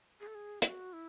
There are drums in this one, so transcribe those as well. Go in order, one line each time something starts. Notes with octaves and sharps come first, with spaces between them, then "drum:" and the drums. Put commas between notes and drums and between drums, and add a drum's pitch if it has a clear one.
G#4
A4
G#4
E4, drum: hi-hat
F#4
E4